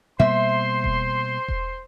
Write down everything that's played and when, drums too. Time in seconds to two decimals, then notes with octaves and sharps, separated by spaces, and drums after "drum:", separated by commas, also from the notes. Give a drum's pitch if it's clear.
0.20 B2 G3 A#3 C5 E5 C6
0.84 drum: kick E1
1.48 drum: kick E1